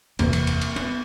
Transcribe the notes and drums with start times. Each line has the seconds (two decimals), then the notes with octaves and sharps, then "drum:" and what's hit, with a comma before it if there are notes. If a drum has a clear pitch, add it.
0.19 F#1 E2 C3 A#3, drum: cymbal
0.33 drum: cymbal
0.47 drum: cymbal
0.61 drum: cymbal
0.76 B3, drum: cymbal